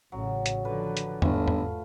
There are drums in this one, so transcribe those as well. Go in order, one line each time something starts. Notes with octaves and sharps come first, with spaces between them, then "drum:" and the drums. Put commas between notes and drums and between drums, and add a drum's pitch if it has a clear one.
A1 C#3 F#3
drum: hi-hat
D3 F3 B4
drum: hi-hat
G1 G#2 A3 F4, drum: tom E2
drum: tom E2